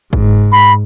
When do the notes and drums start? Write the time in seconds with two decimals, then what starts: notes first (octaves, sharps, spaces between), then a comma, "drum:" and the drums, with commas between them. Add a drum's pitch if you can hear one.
0.13 G#2, drum: kick
0.52 B5